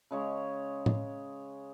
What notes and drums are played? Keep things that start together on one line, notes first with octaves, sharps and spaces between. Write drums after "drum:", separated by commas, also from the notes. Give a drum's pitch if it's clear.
C#3 G#3 C#5
drum: tom A2